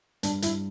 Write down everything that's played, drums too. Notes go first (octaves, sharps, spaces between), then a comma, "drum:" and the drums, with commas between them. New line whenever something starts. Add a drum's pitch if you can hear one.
G2 D4, drum: hi-hat
G2 E4, drum: hi-hat